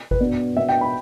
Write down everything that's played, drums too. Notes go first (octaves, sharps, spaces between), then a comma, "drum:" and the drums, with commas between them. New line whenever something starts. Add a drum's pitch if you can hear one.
B4, drum: kick G#1
B2 B3 D4
B2 B3 D4 E5
G5
B5